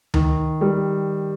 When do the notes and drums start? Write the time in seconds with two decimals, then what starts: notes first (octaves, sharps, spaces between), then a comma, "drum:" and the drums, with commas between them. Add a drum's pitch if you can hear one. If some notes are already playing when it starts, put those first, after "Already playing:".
0.14 D#3, drum: tom D2
0.61 G3